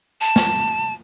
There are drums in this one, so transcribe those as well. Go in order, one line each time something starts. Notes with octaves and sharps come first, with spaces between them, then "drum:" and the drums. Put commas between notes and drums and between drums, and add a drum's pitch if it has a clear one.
A5
drum: snare